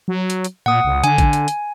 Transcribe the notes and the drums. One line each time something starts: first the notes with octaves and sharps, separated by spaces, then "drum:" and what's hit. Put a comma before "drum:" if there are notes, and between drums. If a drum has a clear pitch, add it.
F#3
drum: hi-hat
drum: hi-hat
A#2 F#5 D#6
C#2
D3 G#5, drum: hi-hat
drum: kick A1, hi-hat
drum: hi-hat
drum: hi-hat